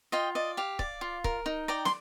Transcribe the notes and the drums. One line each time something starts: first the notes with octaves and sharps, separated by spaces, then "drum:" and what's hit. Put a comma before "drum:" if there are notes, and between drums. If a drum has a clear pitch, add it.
F4 D#5 G5
D5 D#5
G4 F5
D5, drum: kick C#1
F4
A#4, drum: kick C#1
D#4
D5 G5 A#5
C6, drum: snare